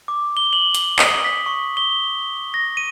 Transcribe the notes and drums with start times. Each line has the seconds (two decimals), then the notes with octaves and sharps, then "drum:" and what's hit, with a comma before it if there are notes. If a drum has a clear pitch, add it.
0.08 D6
0.37 G7
0.53 F#7
0.74 drum: hi-hat
0.99 D#6, drum: clap
1.24 B6
1.46 C#6
1.77 G7
2.54 A#6
2.77 D#7